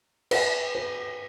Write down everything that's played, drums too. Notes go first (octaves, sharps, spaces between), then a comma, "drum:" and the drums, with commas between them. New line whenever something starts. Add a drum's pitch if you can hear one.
B4, drum: cymbal
B4